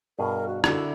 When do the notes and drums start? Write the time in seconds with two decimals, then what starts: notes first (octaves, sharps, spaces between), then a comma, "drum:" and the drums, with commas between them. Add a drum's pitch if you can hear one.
0.19 G2 B2 G#4 A#4
0.47 F#4
0.64 D3 E4 F#4, drum: rim click